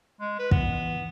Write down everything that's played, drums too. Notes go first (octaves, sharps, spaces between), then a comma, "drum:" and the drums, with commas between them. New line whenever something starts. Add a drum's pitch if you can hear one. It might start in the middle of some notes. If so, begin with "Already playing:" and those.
G#3
B4
E3 B3, drum: kick